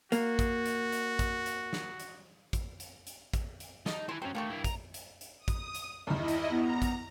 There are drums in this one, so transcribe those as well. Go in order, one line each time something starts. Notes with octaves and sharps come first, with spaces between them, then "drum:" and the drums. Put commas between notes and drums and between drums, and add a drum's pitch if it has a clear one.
A#3 F#4, drum: hi-hat
drum: kick, hi-hat
drum: hi-hat
drum: hi-hat
drum: kick, hi-hat
drum: hi-hat
drum: snare
drum: hi-hat
drum: kick, hi-hat
drum: hi-hat
drum: hi-hat
drum: kick, hi-hat
drum: hi-hat
D#4 A5, drum: snare
E4 G#5 C6
F#3 C4 C#4
D2 A3 A#3 G4 C#6
G2 E4
A#5, drum: kick, hi-hat
drum: hi-hat
drum: hi-hat
D#6
drum: kick, hi-hat
drum: hi-hat
E2 G2 D#3 E4 D#5
drum: hi-hat
B3 A#5
drum: kick, hi-hat